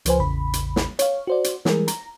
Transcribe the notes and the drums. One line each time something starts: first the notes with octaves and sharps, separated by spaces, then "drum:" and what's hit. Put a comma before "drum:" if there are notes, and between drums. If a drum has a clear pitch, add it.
C#2 F3 B4 C5 G#5, drum: hi-hat
A1 E2 C#3 B5
drum: hi-hat
drum: snare
C#5 F5, drum: hi-hat
F#4 C5 D5
drum: hi-hat
E3 G3 G#3 G#4 A#4, drum: snare
A#5, drum: hi-hat